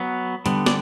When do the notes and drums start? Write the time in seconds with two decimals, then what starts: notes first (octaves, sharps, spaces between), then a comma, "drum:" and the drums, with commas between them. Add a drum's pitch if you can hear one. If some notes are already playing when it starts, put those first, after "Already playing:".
Already playing: F#3 B3
0.46 D3 G3 B3, drum: hi-hat
0.66 D5, drum: snare